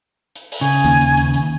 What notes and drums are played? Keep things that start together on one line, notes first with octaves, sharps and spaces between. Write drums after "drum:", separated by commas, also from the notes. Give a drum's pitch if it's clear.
drum: hi-hat
drum: open hi-hat
C#3 G#5
D#2, drum: hi-hat
drum: hi-hat
drum: hi-hat
drum: hi-hat